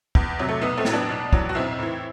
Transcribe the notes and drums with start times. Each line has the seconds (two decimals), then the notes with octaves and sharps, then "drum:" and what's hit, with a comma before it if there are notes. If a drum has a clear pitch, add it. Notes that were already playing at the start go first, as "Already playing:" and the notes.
0.15 E2, drum: kick
0.39 C3 F#3
0.49 A3
0.62 B1 B3
0.77 A3 C4
0.85 A2 F#3, drum: snare
0.93 B3 D4
1.09 B1
1.33 A2 F#3, drum: kick
1.49 F#4
1.55 B1 C4 E4
1.79 A2 E3